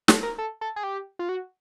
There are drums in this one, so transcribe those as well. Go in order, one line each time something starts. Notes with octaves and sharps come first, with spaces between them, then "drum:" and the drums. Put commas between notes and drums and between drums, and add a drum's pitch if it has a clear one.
A4, drum: snare
A#4
A4
A4
G#4
G4
F4
F#4